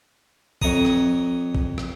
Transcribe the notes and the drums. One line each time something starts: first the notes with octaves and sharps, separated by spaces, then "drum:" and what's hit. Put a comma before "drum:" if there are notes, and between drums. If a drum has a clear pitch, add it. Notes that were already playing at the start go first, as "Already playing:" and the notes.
F2 C#5 A#5 D#6, drum: kick
drum: rim click
drum: kick
drum: rim click